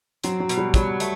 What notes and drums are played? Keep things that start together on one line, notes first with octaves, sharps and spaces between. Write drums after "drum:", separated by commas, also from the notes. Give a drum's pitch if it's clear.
F#3 C4, drum: hi-hat
F#3
B2, drum: hi-hat
G3
F#3 G3, drum: kick, hi-hat
A3, drum: hi-hat